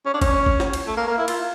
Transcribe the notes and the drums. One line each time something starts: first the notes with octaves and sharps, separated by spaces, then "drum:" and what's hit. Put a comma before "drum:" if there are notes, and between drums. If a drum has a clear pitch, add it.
C#4
D4
C#4, drum: kick G1, cymbal
drum: kick G1
drum: snare
drum: cymbal
A3
A#3
A#3
E4
F4, drum: cymbal